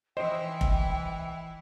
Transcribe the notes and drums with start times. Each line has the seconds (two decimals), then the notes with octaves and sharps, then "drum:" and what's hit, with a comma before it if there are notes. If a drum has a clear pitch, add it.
0.17 E3 E4 C5 D#5 G5
0.61 drum: kick F1